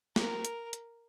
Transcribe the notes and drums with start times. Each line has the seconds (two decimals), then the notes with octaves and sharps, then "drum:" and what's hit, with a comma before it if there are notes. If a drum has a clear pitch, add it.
0.16 A#4, drum: snare
0.45 drum: hi-hat
0.73 drum: hi-hat